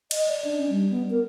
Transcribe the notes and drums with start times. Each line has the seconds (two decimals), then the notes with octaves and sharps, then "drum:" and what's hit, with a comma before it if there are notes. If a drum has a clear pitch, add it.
0.11 D#5, drum: cymbal
0.28 D5
0.44 D4
0.57 C#4
0.69 G3
0.90 B3
1.10 A#4